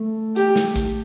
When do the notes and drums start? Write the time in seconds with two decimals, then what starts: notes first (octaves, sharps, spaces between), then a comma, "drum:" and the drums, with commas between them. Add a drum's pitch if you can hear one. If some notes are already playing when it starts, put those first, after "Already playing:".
Already playing: A3
0.36 G4, drum: hi-hat
0.56 drum: snare
0.76 drum: kick, hi-hat